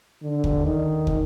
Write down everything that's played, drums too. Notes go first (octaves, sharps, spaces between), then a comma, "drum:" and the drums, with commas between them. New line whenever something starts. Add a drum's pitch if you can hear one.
D3
drum: kick
D#3
drum: kick